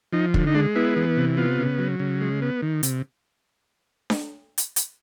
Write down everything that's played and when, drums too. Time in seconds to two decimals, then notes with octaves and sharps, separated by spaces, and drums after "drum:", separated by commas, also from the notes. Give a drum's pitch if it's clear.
0.12 F3 D#4
0.34 D3, drum: kick
0.47 D#4
0.54 G#3 D4
0.75 B3 E4
0.96 E3
1.17 C3
1.37 B3 F4
1.58 C#3
1.79 F#3
2.00 C#3
2.21 G#3
2.42 B3
2.62 D#3
2.83 C3, drum: hi-hat
4.10 drum: snare D4
4.58 drum: hi-hat
4.76 drum: hi-hat